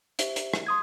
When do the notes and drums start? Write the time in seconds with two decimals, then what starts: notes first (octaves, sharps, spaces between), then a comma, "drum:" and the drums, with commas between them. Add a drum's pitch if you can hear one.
0.19 G4 C5 E5, drum: hi-hat
0.36 drum: hi-hat
0.54 drum: rim click
0.66 C6 D#6 G#6